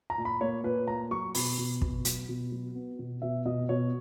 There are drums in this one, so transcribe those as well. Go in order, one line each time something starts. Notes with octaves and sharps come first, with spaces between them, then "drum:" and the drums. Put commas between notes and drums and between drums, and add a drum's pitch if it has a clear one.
A#5
A#2
B5
A#3 C#5
A#2 B4
A#3 A#5
F#3 C#6
B2 B5, drum: open hi-hat
B2
B2, drum: kick
F#3, drum: hi-hat
B2
F#3
B3
B2
B2 E5
B2 D#5
B2 C#5